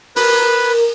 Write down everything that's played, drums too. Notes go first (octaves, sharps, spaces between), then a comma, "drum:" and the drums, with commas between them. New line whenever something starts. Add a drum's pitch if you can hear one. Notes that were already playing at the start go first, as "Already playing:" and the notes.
A#4 B4, drum: open hi-hat